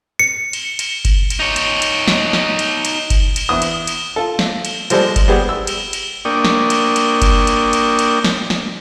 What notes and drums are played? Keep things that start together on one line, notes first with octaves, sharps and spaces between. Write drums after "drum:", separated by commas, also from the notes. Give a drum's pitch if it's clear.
C#7
drum: cymbal
drum: cymbal
drum: kick G1, cymbal
drum: cymbal
D#4 C#5
drum: cymbal
drum: cymbal
drum: snare
drum: snare
drum: cymbal
drum: cymbal
drum: kick G1, cymbal
drum: cymbal
E2 D#6
drum: cymbal
drum: cymbal
F4 A4
drum: snare
drum: cymbal
F3 G3 G#3 A4, drum: cymbal
drum: kick G1, cymbal
G3 B3 G4 G#4
E6
drum: cymbal
drum: cymbal
A#3 D4 D5 G5 C#6 D#6
drum: snare
drum: cymbal
drum: cymbal
drum: kick G1, cymbal
drum: cymbal
drum: cymbal
drum: cymbal
drum: snare
drum: snare